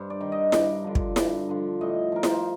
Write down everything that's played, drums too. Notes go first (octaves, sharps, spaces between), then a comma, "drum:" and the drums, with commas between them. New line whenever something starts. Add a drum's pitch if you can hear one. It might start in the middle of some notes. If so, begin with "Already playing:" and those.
Already playing: G2 C5
D5
D#3
D#5
G2 D5, drum: snare E4
D3 F3
drum: kick
G2, drum: snare E4
D3 F3
A2 D#5
F3 A#4
C5, drum: snare E4